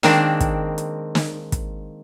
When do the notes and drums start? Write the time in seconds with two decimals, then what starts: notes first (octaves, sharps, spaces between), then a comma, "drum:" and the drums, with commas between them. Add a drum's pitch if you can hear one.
0.03 D#3 G#3 A#3 C4 D4, drum: snare
0.40 drum: kick, hi-hat
0.78 drum: hi-hat
1.15 drum: snare
1.52 drum: kick, hi-hat